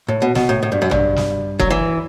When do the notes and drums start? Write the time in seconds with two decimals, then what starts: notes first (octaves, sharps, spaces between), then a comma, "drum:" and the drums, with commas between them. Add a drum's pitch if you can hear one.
0.08 A2
0.22 B2
0.35 B2, drum: snare
0.49 A2
0.63 A2
0.72 G2
0.82 F#2
0.91 G2, drum: tom
1.16 drum: snare
1.59 F#3, drum: kick F#1
1.71 E3